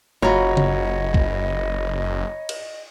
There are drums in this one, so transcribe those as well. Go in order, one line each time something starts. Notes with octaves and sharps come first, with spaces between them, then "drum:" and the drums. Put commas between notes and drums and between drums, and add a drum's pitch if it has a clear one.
F#1 F4 F#4 C#5 D#5 A#5 B5
drum: tom C#3
drum: kick
drum: cymbal